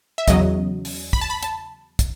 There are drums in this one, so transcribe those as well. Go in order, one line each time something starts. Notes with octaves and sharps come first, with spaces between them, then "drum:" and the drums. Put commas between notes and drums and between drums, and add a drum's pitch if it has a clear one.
E5
E2 C#3 F#3 D#5, drum: kick, hi-hat
drum: open hi-hat
B5, drum: kick
A5
B5
A5, drum: hi-hat
drum: kick, hi-hat